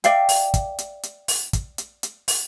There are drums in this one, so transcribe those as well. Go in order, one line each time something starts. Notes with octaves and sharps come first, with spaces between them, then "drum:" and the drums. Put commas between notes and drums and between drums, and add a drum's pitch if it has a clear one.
D5 E5 F5 G5, drum: hi-hat
drum: open hi-hat
drum: kick, hi-hat
drum: hi-hat
drum: hi-hat
drum: open hi-hat
drum: kick, hi-hat
drum: hi-hat
drum: hi-hat
drum: open hi-hat